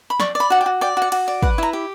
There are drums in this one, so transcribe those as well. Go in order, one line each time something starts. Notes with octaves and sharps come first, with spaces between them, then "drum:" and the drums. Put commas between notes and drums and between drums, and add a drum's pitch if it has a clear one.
B5
D5 C#6, drum: snare
D5
B5
F#4 F#5
G5
F#4
D5 G5
F#4 F#5
F#4, drum: cymbal
D5
B4 F#5, drum: kick
E4 A#5
G4